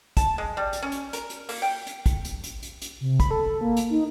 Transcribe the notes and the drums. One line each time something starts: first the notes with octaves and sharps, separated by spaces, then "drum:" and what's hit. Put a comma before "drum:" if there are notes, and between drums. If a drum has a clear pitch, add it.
A5, drum: kick, hi-hat
G#3
G3
drum: hi-hat
C#4
drum: hi-hat
A#4, drum: hi-hat
drum: hi-hat
A#3, drum: open hi-hat
G5
drum: hi-hat
drum: kick, hi-hat
drum: hi-hat
drum: hi-hat
drum: hi-hat
drum: hi-hat
C3
B5, drum: kick, hi-hat
A4
A#3
drum: hi-hat
D#4